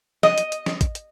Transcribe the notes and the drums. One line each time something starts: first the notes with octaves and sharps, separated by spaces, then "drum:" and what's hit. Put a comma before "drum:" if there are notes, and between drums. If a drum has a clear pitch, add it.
D#5, drum: snare
drum: hi-hat
drum: hi-hat
drum: snare
drum: kick, hi-hat
drum: hi-hat